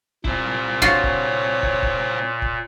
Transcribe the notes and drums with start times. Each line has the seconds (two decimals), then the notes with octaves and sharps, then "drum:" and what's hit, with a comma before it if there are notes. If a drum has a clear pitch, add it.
0.25 A#2 C4 E4, drum: kick
0.82 F4 F#4 C5 C#5, drum: kick
1.04 drum: kick
1.63 drum: kick
1.83 drum: kick
2.42 drum: kick